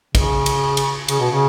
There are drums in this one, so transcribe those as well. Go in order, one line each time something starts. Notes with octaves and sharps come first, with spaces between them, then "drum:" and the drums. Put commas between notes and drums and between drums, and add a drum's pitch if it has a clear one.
C#3, drum: kick, cymbal
drum: cymbal
drum: cymbal
C#3, drum: cymbal
B2
C#3